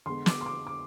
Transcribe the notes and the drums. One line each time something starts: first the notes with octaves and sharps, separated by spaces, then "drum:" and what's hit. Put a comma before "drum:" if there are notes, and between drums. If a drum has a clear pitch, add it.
D3 G#3 B3 C6
D6, drum: snare
C6
D6
D6